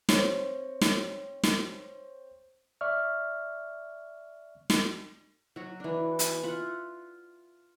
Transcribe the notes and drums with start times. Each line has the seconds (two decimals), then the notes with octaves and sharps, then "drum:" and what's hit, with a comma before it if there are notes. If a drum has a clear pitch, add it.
0.09 C4 C#5, drum: snare
0.81 drum: snare
1.43 drum: snare
2.81 D5 E5 C#6 F6
4.70 drum: snare
5.56 F#3 F#4
5.80 E3 D4
6.19 drum: hi-hat
6.43 F4 E5 F#5